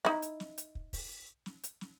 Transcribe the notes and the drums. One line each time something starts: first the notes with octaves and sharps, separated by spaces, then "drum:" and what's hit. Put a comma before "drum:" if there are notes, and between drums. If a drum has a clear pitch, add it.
D#4 E4, drum: snare
drum: hi-hat
drum: snare
drum: hi-hat
drum: kick
drum: kick, open hi-hat
drum: snare
drum: hi-hat
drum: snare